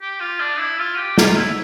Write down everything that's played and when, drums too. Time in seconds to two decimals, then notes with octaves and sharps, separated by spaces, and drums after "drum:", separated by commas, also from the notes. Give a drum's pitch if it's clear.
0.02 G4
0.20 F4
0.40 D4
0.59 E4
0.79 F4
0.98 G4
1.18 F4, drum: snare
1.36 E4